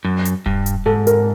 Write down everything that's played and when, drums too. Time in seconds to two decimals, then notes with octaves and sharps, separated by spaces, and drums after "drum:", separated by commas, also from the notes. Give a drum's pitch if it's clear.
0.05 F#2
0.25 drum: hi-hat
0.46 G2, drum: kick D#1
0.66 drum: hi-hat
0.86 G#2 A4
1.07 A#4, drum: hi-hat